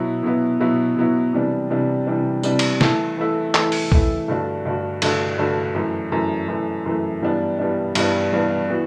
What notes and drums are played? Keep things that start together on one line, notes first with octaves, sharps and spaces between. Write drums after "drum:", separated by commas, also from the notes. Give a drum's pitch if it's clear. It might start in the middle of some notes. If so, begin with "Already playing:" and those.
Already playing: B2 F#3 B3 E4
B2 F#3 B3 E4
B2 F#3 B3 E4
B2 F#3 B3 E4
C3 E3 G3 D4
C3 E3 G3 D4
C3 E3 G3 D4
C3 E3 G3 D4, drum: tambourine
drum: cymbal
E3 A3 E4 A4, drum: snare
E3 A3 E4 A4
E3 A3 E4 A4, drum: clap
drum: open hi-hat
E3 A3 E4 A4, drum: kick
G2 D3 A3 D4 F#4
G2 D3 A3 D4 F#4
G2 D3 A3 D4 F#4, drum: cymbal
G2 D3 A3 D4 F#4
F#2 E3 A3
F#2 E3 A3
F#2 E3 A3
F#2 E3 A3
G2 E3 G3 B3 D4
G2 E3 G3 B3 D4
G2 E3 G3 B3 D4, drum: cymbal
G2 E3 G3 B3 D4
E3 B3 F#4